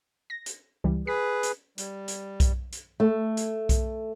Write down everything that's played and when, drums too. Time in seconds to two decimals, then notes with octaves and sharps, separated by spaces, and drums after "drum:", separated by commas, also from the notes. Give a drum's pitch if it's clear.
0.30 A#6
0.46 drum: hi-hat
0.84 C#2 E3 G3
1.07 G#4 B4 B6
1.43 drum: hi-hat
1.78 G3, drum: hi-hat
2.08 drum: hi-hat
2.40 drum: kick B1, hi-hat
2.72 drum: hi-hat
3.00 A3
3.37 drum: hi-hat
3.69 drum: kick B1, hi-hat